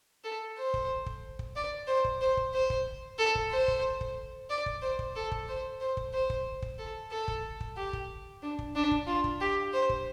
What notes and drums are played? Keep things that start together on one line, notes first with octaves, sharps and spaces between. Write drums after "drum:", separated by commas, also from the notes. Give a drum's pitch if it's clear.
A4
C5
drum: kick
drum: kick
drum: kick
D5
C5
drum: kick
C5
drum: kick
C5
drum: kick
A4
drum: kick
C5
drum: kick
drum: kick
D5
drum: kick
C5
drum: kick
A4
drum: kick
C5
C5
drum: kick
C5
drum: kick
drum: kick
A4
A4
drum: kick
drum: kick
G4
drum: kick
D4
drum: kick
D4
drum: kick
F4
drum: kick
G4
C5
drum: kick